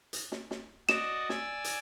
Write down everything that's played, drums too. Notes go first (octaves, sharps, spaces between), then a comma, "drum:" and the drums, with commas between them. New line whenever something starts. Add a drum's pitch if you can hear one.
drum: hi-hat
drum: snare
drum: snare
F#4 D5 D#5 E7, drum: snare
D5 G#5 E6, drum: snare
drum: hi-hat